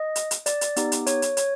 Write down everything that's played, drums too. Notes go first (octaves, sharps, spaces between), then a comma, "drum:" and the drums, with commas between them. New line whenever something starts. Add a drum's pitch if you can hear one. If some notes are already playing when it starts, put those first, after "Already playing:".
Already playing: D#5
drum: hi-hat
drum: hi-hat
D5, drum: hi-hat
drum: hi-hat
B3 D#4 G4, drum: hi-hat
drum: hi-hat
C#5, drum: hi-hat
drum: hi-hat
C#5, drum: hi-hat